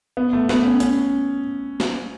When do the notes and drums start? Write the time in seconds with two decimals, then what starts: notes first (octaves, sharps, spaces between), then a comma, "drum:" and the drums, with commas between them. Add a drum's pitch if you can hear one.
0.17 B3
0.33 A3
0.49 B3, drum: snare
0.65 C#4
0.80 C#4, drum: hi-hat
1.80 drum: snare